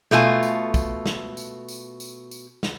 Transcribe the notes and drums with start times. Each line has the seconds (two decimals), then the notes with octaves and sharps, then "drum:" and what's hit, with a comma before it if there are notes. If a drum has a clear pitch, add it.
0.11 B2 A3 F4 G#5, drum: snare
0.43 drum: tambourine
0.74 drum: kick, tambourine
1.06 drum: snare
1.37 drum: tambourine
1.69 drum: tambourine
2.00 drum: tambourine
2.31 drum: tambourine
2.63 drum: snare